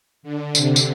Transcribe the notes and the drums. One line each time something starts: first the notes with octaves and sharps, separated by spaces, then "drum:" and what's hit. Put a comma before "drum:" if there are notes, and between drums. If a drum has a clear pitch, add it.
D3
C3, drum: tambourine
drum: tambourine